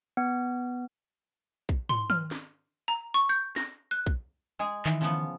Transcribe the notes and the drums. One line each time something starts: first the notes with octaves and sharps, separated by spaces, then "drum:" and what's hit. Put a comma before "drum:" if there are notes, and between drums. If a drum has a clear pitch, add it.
B3
drum: kick
C6, drum: tom
F6, drum: tom D#3
drum: snare
A#5
C#6
G6
A#6, drum: snare
F#6
drum: kick
G#3 G#4
D#3 E3, drum: clap
C#3 F3 B3